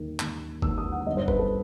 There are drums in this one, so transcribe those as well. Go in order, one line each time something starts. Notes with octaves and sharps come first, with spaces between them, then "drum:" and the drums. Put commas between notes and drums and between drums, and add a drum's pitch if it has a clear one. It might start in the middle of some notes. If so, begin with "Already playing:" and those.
Already playing: D#2 D#3
D#2 D#3, drum: clap
D#2 D#3 E6, drum: kick G1
D#6
F#5
G1 G2 D#3 D#5
C5
B4, drum: kick G1
A4